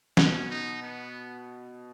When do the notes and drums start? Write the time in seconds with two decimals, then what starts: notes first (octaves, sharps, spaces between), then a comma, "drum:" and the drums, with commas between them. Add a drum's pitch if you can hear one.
0.17 B2 C#4, drum: snare
0.50 D#4
0.82 B3